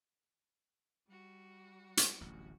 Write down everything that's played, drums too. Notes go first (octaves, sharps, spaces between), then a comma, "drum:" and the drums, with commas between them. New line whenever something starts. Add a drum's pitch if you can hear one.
G3 F#4
drum: hi-hat
D1 A1